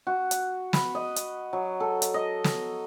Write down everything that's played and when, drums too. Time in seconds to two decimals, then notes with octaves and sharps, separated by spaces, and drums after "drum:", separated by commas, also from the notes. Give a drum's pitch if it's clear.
0.07 F#4
0.31 drum: hi-hat
0.73 B5, drum: snare
0.95 D#5
1.16 drum: hi-hat
1.53 F#3
1.80 A4
2.02 drum: hi-hat
2.14 D#5
2.44 drum: snare